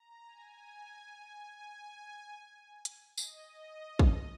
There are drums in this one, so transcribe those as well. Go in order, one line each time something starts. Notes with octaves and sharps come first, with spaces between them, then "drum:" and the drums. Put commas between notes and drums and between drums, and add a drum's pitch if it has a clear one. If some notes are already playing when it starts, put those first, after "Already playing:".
Already playing: A#5
G#5
G#5
G#5
drum: hi-hat
D#5, drum: tambourine
drum: kick